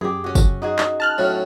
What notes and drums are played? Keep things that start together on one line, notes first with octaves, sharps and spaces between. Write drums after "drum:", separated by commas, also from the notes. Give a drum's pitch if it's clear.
F#2 G4 G#4
C#4 F#4
drum: kick, tambourine
D#4 F#4 G#4
drum: clap
A5 F6 F#6
A2 F#3 C#4